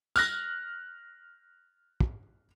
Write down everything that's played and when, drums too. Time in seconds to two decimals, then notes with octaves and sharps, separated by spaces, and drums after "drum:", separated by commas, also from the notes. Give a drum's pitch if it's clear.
0.16 F6 F#6 A#6, drum: tambourine
2.00 drum: kick